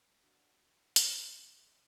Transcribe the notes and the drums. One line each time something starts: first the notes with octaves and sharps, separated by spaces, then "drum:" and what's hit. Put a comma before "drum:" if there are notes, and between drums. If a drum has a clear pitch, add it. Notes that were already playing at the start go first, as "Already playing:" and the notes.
D4 F#4
drum: hi-hat